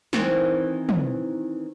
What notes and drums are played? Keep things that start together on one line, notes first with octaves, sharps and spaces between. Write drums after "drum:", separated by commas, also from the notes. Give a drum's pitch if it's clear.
D#3 E3 C4, drum: snare
drum: tom